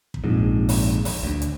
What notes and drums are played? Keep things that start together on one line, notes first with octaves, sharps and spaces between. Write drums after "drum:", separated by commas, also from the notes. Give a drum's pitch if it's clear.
drum: kick
A#1 F2 G#2
drum: open hi-hat
drum: kick, open hi-hat
D2
drum: hi-hat